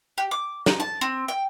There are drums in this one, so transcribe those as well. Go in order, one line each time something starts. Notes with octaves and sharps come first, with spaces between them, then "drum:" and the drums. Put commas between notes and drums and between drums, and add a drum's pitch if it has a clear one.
G4
D6
D#4, drum: snare
A5
C4
G5